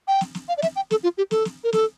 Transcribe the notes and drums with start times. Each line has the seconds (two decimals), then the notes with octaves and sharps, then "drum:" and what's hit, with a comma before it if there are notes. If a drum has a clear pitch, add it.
0.08 G5
0.21 drum: snare
0.35 drum: snare
0.48 F5
0.57 D5
0.62 E5, drum: snare
0.76 G5
0.91 A4, drum: snare
1.03 F4
1.18 G4
1.31 A4, drum: snare
1.45 drum: snare
1.64 A#4
1.73 A4, drum: snare